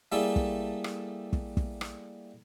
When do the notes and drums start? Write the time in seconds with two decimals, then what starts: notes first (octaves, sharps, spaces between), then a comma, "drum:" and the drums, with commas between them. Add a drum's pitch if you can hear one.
0.12 G3 A3 A#3 E4 G#4 A4
0.36 drum: kick
0.84 drum: rim click
1.33 drum: kick
1.57 drum: kick
1.81 drum: rim click